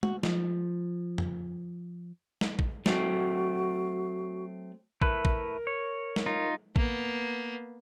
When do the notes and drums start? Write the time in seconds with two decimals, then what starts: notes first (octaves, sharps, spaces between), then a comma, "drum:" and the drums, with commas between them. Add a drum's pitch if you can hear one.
0.03 F#4, drum: tom G#3
0.23 F3, drum: snare
1.18 drum: tom F2
2.41 drum: snare
2.59 drum: kick
2.86 F#3 A3 C4 F#4, drum: snare
5.02 A3 E4 A#4 B4, drum: kick
5.25 drum: kick
5.67 C#5
6.16 drum: snare
6.26 D#4 F4
6.76 A#3 B3, drum: kick